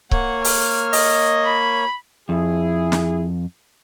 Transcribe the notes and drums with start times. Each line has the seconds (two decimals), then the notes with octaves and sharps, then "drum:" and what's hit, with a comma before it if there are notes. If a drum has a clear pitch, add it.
0.11 A#3 C#5 F#5, drum: kick C#1
0.44 F6, drum: open hi-hat
0.93 D#5, drum: open hi-hat
1.44 B5
2.29 F2 E4 G#4
2.92 drum: snare